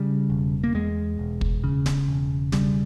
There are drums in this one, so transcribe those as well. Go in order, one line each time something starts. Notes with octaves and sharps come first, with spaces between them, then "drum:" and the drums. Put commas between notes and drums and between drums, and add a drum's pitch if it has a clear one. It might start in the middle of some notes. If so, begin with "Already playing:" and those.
Already playing: C#3 G3
E1
A#3
E2 G#3
E1
drum: kick
C#3
drum: snare D1
E1
C#3 G3, drum: snare D1